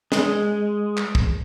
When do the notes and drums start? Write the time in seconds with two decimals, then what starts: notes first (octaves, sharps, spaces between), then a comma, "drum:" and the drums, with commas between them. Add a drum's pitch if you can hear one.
0.12 G#3, drum: snare
0.97 drum: clap
1.15 drum: kick